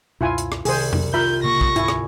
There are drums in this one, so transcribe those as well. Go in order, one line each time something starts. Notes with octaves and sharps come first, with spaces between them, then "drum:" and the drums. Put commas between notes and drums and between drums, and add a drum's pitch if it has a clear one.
C#2 F#2 B2 E4 F4 G#5
drum: hi-hat
drum: rim click
C2 C3 D#3 G#4 C5, drum: open hi-hat
drum: tom F2
F4 A#4 E5 B5 G6
A#2 C#3 A#3 C#6 A#6
drum: kick
D2 G#2 E4 G#5, drum: hi-hat
drum: rim click